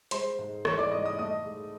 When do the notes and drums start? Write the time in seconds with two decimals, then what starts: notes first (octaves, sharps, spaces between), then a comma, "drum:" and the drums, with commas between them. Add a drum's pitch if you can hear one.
0.11 G#3 C5 C6, drum: hi-hat
0.39 G#2
0.65 E3 C#5 C#6, drum: rim click
0.78 D5 D6
0.91 G#2 D#5 D#6
1.05 D#5 D#6
1.19 A3 D#5 D#6
1.46 G#2